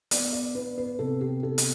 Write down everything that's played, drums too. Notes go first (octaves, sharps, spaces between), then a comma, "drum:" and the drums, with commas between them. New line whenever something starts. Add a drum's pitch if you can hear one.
B3 D5, drum: hi-hat
D5
B3 B4
B4
C3 A4
G4
B3 A4
drum: hi-hat